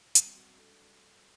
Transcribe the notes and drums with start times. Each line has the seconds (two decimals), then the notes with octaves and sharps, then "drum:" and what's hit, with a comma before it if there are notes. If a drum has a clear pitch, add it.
0.15 G3, drum: hi-hat
0.26 C4
0.36 F#4
0.58 D4 A4